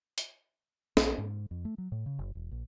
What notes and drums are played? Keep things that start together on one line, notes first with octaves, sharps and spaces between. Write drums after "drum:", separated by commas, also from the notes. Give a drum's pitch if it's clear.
drum: hi-hat
A#1, drum: snare
G#2
F2
A3
F#3
A2
C#3
F#1
E1
A#1